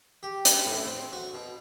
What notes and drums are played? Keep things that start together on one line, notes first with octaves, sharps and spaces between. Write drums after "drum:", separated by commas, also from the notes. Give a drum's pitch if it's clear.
G4
drum: hi-hat
A2
C4
F#4
B2